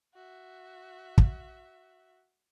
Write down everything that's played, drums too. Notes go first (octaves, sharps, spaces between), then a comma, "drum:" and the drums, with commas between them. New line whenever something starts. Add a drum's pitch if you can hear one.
F#4 E5
drum: kick